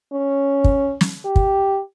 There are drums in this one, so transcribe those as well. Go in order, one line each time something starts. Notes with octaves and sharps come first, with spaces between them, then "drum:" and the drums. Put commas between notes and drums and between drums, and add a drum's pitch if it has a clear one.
C#4
drum: kick
drum: snare
G4
drum: kick